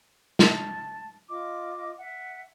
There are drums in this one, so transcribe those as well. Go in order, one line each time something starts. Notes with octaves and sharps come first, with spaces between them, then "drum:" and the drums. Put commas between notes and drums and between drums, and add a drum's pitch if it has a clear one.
A5, drum: snare
F4 D#5 D6
E5 F#5